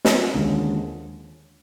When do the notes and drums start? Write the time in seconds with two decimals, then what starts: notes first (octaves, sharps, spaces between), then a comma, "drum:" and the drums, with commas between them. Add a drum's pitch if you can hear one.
0.05 drum: snare
0.34 D#2 D3 F3 G#3 C#4